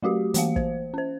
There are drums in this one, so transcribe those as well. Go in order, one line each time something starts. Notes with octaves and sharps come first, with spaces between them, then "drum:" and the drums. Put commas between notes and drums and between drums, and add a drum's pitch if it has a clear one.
F#3 A3 F#4 G4
E3 A#3 F5, drum: hi-hat
C5, drum: kick
C#4 C5